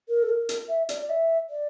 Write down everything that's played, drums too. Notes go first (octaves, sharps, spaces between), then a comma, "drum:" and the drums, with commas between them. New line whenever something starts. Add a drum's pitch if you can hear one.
A#4
A4
A#4
drum: hi-hat
E5
D5, drum: hi-hat
D5
E5
D5